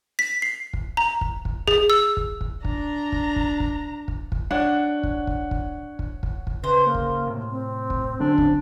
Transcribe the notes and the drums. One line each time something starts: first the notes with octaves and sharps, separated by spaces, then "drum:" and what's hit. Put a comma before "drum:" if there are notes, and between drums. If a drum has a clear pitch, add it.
B6
C7
drum: kick
A#5
drum: kick
drum: kick
G#4, drum: kick
E6
drum: kick
drum: kick
D4 A#5, drum: kick
drum: kick
drum: kick
drum: kick
drum: kick
drum: kick
D4 C#5 F#5
drum: kick
drum: kick
drum: kick
drum: kick
drum: kick
drum: kick
C#3 B4 C5
A#3
drum: kick
A2 C3
C4
drum: kick
D3 F#3 C#4 D4
drum: kick